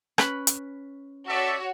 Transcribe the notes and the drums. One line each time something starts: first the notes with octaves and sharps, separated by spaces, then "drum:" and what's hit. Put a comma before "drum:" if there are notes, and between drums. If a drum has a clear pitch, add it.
C#4 B4 B5, drum: rim click
drum: hi-hat
F#4 A4 C#5 D5 E5